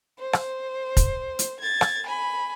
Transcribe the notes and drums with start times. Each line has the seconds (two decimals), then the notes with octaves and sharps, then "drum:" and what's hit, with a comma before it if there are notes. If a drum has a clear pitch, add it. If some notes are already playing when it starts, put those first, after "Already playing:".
0.19 C5
0.33 drum: rim click
0.97 drum: kick, hi-hat
1.39 drum: hi-hat
1.60 G#6 A6
1.81 drum: rim click
2.07 G#5 B5